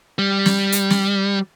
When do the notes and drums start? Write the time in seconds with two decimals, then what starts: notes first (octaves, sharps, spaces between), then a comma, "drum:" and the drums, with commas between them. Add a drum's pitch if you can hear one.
0.19 G3
0.46 drum: snare
0.72 drum: hi-hat
0.90 drum: snare